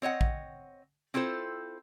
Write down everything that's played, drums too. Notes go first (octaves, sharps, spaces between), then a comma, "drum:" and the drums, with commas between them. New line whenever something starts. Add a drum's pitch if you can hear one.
C4 C#5 D#5 F#5
drum: kick
C4 E4 F4 A4 C5